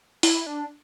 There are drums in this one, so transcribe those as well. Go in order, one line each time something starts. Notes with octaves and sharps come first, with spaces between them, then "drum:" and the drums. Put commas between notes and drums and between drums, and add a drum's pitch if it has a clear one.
E4, drum: open hi-hat
D4